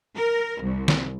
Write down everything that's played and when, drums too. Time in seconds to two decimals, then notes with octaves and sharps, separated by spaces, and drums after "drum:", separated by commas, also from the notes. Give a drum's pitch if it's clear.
0.16 A#4
0.61 C2
0.88 drum: snare